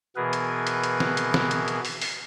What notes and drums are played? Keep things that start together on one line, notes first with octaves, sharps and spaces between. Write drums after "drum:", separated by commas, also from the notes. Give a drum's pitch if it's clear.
B2 E3 B3 G#4 A#4 B4
drum: hi-hat
drum: hi-hat
drum: hi-hat
drum: snare
drum: hi-hat
drum: snare
drum: hi-hat
drum: hi-hat
drum: open hi-hat
drum: open hi-hat